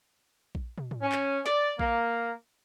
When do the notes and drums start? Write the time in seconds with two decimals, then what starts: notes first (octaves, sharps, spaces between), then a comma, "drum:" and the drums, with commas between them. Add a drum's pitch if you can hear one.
0.55 drum: kick A#1
0.78 drum: tom
0.91 drum: tom
1.02 C#4
1.12 drum: clap
1.46 D5, drum: snare
1.79 A#3, drum: kick A#1